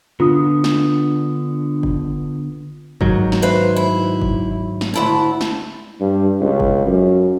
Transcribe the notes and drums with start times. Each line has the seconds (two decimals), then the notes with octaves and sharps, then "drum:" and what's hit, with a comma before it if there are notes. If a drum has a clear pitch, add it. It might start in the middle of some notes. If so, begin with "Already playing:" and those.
0.20 D3 B3 D4 F4 D#6
0.64 drum: snare
1.83 drum: kick F#1
3.01 G#2 D#3 F#3, drum: kick F#1
3.32 drum: snare
3.42 B4 C5 E5
3.76 E4
4.22 drum: kick F#1
4.81 drum: snare
4.94 D2 E4 A5
5.41 drum: snare
6.00 G2
6.41 C#2
6.60 drum: kick F#1
6.86 F#2